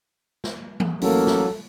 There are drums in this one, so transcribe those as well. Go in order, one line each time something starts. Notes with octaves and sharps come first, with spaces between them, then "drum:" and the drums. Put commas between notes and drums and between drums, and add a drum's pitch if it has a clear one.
drum: snare
drum: tom E3
A1 F#3 A#3 A4, drum: open hi-hat
drum: snare